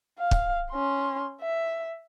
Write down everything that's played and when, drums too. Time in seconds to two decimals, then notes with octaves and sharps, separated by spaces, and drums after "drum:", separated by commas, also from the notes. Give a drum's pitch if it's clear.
0.19 F5
0.31 drum: kick
0.72 C#4 C6
1.42 E5